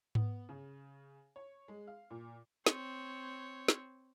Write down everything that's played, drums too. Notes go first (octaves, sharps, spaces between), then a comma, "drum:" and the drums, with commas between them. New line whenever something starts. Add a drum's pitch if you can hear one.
B3, drum: tom G#2
C#3
C#5
G#3
F5
A#2
C4 C#5, drum: snare
drum: snare